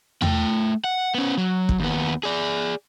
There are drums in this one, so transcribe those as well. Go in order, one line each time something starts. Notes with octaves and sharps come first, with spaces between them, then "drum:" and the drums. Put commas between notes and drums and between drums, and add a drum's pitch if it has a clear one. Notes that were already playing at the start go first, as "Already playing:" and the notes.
A3 G5, drum: tom E2
F#5
B3 C#4
F#3
drum: kick
D#2 B3
G#4 D5